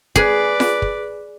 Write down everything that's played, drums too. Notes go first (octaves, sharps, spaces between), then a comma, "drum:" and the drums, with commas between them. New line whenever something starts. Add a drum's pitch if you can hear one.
G#4 B4 D5, drum: kick
drum: snare F4
drum: kick